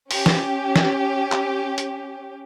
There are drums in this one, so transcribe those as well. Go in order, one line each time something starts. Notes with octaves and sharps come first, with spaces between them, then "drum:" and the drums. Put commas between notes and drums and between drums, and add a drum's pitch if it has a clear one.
C#4 G4, drum: open hi-hat
drum: snare
drum: snare
drum: clap
drum: hi-hat